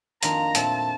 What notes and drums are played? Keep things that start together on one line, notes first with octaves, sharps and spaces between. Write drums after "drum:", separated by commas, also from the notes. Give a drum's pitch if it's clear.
F2 D#3 A#3 D4 F4 A#5, drum: hi-hat
A#2 A3 C4 A5, drum: hi-hat